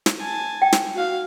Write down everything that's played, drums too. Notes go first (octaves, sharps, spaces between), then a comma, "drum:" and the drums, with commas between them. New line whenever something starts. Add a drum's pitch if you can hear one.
drum: snare
G#5 A5
G5
drum: snare
F#4 F5